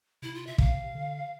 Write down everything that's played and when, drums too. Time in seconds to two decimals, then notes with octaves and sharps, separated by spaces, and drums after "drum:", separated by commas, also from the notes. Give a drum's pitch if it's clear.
0.22 C3 E4
0.34 F4
0.47 E5
0.58 C3 F5, drum: kick
0.84 C3
0.95 D3